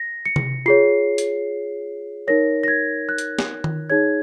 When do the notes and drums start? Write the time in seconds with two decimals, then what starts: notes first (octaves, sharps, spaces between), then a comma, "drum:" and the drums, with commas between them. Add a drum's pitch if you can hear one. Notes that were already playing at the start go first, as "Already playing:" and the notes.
Already playing: A#6
0.25 C#7
0.36 drum: tom C3
0.66 F4 G#4 C#5 C7
1.18 drum: hi-hat
2.27 D#4 A#4 C#5 A#6
2.63 A#6
2.68 G#6
3.09 F#6
3.18 drum: hi-hat
3.39 drum: snare
3.64 drum: tom D#3
3.90 D#4 G#4 C#5 G#6